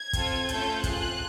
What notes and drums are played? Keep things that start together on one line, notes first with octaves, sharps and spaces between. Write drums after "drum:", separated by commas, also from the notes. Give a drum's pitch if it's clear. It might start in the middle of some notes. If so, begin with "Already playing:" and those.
Already playing: G#6
C4 F4 A4, drum: kick, hi-hat
A3 C#4 F4 A4 G6, drum: hi-hat
C4 F4 G#4 F#6, drum: kick, hi-hat